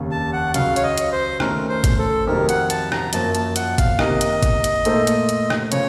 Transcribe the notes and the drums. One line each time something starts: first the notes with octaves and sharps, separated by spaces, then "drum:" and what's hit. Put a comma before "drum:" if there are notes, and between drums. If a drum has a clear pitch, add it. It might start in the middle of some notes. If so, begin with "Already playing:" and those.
Already playing: F1 D#2 C#3
A5
F#5
C#2 C#3 F#3 F5, drum: hi-hat
C#5, drum: hi-hat
D#5
drum: hi-hat
C5
D#3 A3 C#4 A#4, drum: rim click
C5
drum: kick G#1, hi-hat
A4
F2 C3 D#3 F#3 A#4
F#5, drum: hi-hat
A5, drum: hi-hat
A#5, drum: rim click
F#2 F3 A#3 A5, drum: hi-hat
A5, drum: hi-hat
F#5, drum: hi-hat
F5, drum: kick G#1, hi-hat
C3 D#3 A#3 D#4 A#4 D#5, drum: rim click
drum: hi-hat
drum: kick G#1, hi-hat
drum: hi-hat
A#2 A3 D#4 A4 C5, drum: hi-hat
drum: hi-hat
drum: hi-hat
drum: rim click
C#3 F3 C#5, drum: hi-hat